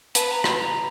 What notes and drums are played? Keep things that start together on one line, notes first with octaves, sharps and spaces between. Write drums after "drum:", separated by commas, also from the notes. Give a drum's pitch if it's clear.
B4 A5, drum: hi-hat
A#5
B5, drum: rim click
A#5